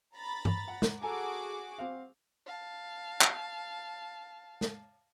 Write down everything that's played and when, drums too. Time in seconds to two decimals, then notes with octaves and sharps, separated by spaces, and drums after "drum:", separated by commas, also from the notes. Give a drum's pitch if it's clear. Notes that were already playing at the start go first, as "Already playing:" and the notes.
0.16 A#5 B5 A6
0.45 drum: tom G2
0.68 F#5
0.82 drum: snare
1.02 F#4 G#4 A4 G#5 A#5 D6
1.78 C4 F5
2.47 F5 A5
3.21 drum: clap
4.61 drum: snare